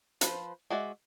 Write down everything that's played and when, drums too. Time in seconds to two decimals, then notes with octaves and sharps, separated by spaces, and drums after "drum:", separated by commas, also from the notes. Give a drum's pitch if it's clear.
0.21 F3 B4 C5, drum: hi-hat
0.70 G#3 F#4 D5 E5